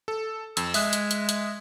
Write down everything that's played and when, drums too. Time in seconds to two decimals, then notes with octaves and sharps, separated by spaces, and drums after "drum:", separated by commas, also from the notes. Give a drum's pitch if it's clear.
0.08 A4
0.57 F2 E6, drum: hi-hat
0.74 G#3 E5 D#6 F#6, drum: open hi-hat
0.93 drum: hi-hat
1.11 drum: hi-hat
1.29 drum: hi-hat